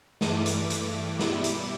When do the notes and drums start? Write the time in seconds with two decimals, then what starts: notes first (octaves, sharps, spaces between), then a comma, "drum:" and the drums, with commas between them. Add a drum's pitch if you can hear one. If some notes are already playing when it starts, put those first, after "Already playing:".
0.21 G2 E3 A3 D6, drum: snare
0.46 drum: hi-hat
0.70 drum: hi-hat
1.19 B2 G3 E4, drum: snare
1.44 drum: hi-hat